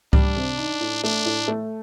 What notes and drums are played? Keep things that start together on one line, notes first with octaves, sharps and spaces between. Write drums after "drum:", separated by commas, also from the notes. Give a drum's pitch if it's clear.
G3 D4, drum: kick C#2
C3
D#4
A2
A3 D4
A2
A3